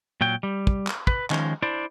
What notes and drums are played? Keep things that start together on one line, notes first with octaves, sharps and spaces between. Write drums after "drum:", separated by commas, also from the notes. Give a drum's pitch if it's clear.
A#2 F#3 G5
G3
drum: kick
drum: clap
B4, drum: kick
D#3 F3 G#3 C#4, drum: clap
D4 E4 C5 D5